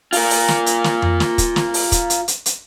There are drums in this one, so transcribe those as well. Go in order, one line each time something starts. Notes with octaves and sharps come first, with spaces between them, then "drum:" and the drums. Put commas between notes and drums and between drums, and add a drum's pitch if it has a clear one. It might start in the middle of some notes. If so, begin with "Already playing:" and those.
F4 A#4, drum: open hi-hat
drum: open hi-hat
drum: snare
drum: hi-hat
drum: snare
drum: tom F2
drum: snare
drum: kick, hi-hat
drum: snare
drum: open hi-hat
drum: kick, hi-hat
drum: hi-hat
drum: hi-hat
drum: hi-hat